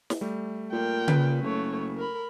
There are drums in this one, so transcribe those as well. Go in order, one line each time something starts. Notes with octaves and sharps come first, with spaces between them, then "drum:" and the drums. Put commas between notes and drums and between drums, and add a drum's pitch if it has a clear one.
drum: snare
G3 A3
A#2 A#4 G5
C#3 B4, drum: tom C#3
F#1 A3 C#5
A#4 B5